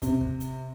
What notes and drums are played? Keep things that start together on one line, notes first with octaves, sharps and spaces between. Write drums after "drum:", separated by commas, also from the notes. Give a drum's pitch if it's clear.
C3, drum: kick, hi-hat
drum: kick
drum: hi-hat